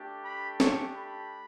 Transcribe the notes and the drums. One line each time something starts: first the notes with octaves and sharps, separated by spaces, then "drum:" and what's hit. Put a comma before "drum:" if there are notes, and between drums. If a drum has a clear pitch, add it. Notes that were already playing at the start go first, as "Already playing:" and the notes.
Already playing: A3 D4 G4
B5
C#6, drum: snare
B5